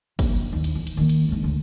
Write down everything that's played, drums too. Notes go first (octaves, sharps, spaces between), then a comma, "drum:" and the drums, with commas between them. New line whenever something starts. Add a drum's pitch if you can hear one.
A#1, drum: kick, cymbal
D#2
drum: cymbal
E3
drum: cymbal
D#3 A#3
drum: cymbal
C#2 G2
D2 C#3